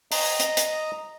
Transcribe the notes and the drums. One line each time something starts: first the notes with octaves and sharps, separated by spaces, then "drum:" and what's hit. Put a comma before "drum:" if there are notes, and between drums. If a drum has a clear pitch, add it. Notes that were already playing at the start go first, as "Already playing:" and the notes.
D#5 A#5, drum: open hi-hat
drum: hi-hat
drum: hi-hat